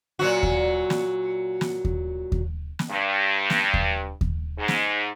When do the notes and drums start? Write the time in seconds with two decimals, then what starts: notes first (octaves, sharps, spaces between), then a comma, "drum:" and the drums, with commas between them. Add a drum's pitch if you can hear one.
0.19 A#2 F#3 F#4
0.43 drum: kick D#2
0.90 drum: snare
1.61 drum: snare
1.85 drum: kick D#2
2.32 drum: kick D#2
2.79 drum: snare
2.91 G2
3.50 drum: snare
3.74 drum: kick D#2
4.21 drum: kick D#2
4.58 G#2
4.68 drum: snare